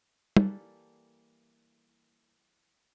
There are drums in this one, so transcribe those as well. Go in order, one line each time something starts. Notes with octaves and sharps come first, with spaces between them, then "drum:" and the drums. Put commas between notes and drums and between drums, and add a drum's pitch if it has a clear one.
E3 G3 A#3 A4, drum: tom